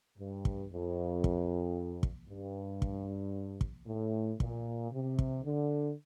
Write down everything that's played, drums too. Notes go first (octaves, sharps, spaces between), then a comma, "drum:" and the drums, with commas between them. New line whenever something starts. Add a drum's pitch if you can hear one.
G2
drum: kick
F2
drum: kick
drum: kick
G2
drum: kick
drum: kick
A2
A#2, drum: kick
C3
drum: kick
D3